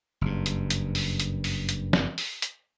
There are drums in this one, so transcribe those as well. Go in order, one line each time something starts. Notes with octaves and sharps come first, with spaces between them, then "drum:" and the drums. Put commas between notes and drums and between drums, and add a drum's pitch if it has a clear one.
F#1 G2
drum: hi-hat
drum: hi-hat
drum: open hi-hat
drum: hi-hat
drum: open hi-hat
drum: hi-hat
drum: snare
drum: open hi-hat
drum: hi-hat